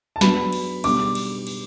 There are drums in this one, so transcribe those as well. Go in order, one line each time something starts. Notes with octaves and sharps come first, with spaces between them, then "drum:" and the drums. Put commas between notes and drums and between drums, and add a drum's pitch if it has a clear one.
A5
F#3 B3 D4 B5, drum: snare
drum: cymbal
B2 G3 D4 D6, drum: cymbal
drum: cymbal
drum: cymbal